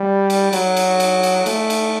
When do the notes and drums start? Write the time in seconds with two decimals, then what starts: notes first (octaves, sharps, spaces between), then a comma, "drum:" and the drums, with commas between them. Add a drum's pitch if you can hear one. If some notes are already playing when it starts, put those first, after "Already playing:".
Already playing: G3
0.30 drum: cymbal
0.53 F#3, drum: cymbal
0.77 drum: cymbal
1.00 drum: cymbal
1.23 drum: cymbal
1.46 A3, drum: cymbal
1.70 drum: cymbal